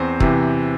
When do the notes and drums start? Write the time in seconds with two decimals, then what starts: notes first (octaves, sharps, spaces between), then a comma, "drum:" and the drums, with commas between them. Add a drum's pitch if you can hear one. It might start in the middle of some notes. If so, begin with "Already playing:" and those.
Already playing: E2 C4 C5
0.20 C3 E3, drum: kick